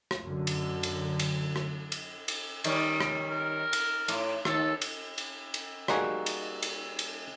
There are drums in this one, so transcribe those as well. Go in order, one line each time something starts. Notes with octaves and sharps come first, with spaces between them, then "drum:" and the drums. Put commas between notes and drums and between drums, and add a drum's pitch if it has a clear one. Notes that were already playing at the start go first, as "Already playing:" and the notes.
drum: rim click
F#2 D3
drum: cymbal
drum: cymbal
drum: cymbal
drum: rim click
drum: cymbal
drum: cymbal
D#3 G3 C#4, drum: cymbal
drum: rim click
A#4
drum: cymbal
A2, drum: cymbal
D#2 A4, drum: rim click
drum: cymbal
drum: cymbal
drum: cymbal
G3 A#3 D#4 F#4 G#4, drum: rim click
drum: cymbal
drum: cymbal
drum: cymbal